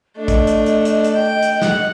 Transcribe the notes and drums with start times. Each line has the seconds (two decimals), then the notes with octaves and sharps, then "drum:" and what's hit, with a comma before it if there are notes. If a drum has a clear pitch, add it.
0.17 A3 D4 D#5
0.28 drum: kick, hi-hat
0.47 drum: hi-hat
0.66 drum: hi-hat
0.85 drum: hi-hat
1.04 drum: hi-hat
1.15 G5
1.43 drum: hi-hat
1.62 F#5, drum: snare